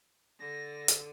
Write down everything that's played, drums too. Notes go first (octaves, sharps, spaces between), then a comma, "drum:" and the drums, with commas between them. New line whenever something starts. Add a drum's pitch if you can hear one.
D3 A#6
drum: hi-hat